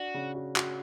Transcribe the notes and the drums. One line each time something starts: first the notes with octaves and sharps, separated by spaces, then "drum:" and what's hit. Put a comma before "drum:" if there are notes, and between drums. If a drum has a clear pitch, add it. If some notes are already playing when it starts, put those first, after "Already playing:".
Already playing: D4 F#4
C#3
F#4
F#4, drum: clap